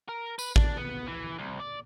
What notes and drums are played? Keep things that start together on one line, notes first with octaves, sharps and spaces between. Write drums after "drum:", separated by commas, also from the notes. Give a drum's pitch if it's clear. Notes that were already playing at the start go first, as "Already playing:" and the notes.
A#4
B4, drum: tambourine
D4, drum: kick
B3
E3
C2
D5